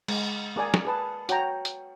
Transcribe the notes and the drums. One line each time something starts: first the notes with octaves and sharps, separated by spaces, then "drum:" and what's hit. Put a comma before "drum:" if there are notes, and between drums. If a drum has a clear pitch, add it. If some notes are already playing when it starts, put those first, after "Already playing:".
G#3, drum: cymbal
A#3 G#4 D5 G#5
drum: snare
G#4 B4 A5
F#4 C#5 G5 A#5, drum: hi-hat
drum: hi-hat